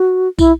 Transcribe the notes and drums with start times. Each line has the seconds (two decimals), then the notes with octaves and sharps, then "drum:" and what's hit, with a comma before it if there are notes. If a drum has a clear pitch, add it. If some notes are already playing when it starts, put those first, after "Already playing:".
Already playing: F#4
0.39 E4, drum: kick, tambourine